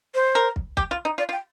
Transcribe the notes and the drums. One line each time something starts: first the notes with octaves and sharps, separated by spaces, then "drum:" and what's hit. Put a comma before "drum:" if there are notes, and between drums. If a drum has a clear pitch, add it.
C5
A#4
drum: kick
G4, drum: kick
F4
D#4
F4 D5
F4
G5